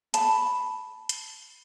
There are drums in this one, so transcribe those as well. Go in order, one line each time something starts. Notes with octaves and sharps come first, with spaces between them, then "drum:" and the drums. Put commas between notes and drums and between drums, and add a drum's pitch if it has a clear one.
A5 B5, drum: hi-hat
drum: hi-hat